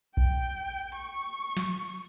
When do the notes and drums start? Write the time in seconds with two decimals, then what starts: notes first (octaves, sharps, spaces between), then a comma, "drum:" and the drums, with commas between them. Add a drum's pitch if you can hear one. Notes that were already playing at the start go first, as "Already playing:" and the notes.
0.17 G5, drum: kick A#1
0.97 C#6
1.57 drum: snare